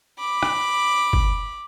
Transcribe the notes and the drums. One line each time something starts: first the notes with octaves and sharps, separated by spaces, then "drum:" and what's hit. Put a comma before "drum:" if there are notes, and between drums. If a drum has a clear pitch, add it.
B5 D6
drum: rim click
drum: kick